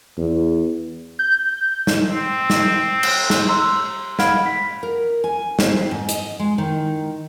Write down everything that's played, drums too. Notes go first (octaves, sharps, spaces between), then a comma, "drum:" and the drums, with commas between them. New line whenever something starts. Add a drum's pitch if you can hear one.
E2
G6
drum: snare
C4
drum: snare
drum: cymbal
drum: snare
A#5 C6 E6
F5 F#5 B5 F6 G#6 D7, drum: snare
B6
A#4
G#5
C4, drum: snare
G#2
D#5, drum: hi-hat
G#3
D#3